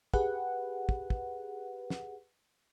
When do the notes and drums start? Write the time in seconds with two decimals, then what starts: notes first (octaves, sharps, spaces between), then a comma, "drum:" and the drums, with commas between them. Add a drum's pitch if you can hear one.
0.14 G4 G#4 B4 F#5, drum: kick
0.89 drum: kick
1.10 drum: kick
1.90 drum: snare